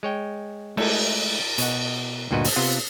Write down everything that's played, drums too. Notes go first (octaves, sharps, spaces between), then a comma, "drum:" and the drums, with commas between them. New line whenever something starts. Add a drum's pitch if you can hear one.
G#3 C#5 G5
G#3 A3 A4, drum: cymbal
B2 D#5 F#5, drum: hi-hat
D2 G2 A#2 F#4 B4 D#5
drum: open hi-hat
C3 B3 F4 F#5